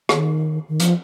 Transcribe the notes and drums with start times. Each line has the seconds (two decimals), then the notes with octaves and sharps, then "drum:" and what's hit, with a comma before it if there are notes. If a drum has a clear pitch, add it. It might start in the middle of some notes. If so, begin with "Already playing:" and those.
0.09 D#3, drum: rim click
0.69 D#3
0.80 F3, drum: hi-hat